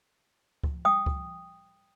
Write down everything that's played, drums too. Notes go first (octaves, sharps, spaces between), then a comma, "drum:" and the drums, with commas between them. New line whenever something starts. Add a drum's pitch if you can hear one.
drum: kick C#2
G5 D#6
drum: kick C#2